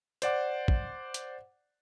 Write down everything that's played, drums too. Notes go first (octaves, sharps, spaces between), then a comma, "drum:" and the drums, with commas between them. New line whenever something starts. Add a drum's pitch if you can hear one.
C5 D5 F#5 D6, drum: hi-hat
drum: kick
drum: hi-hat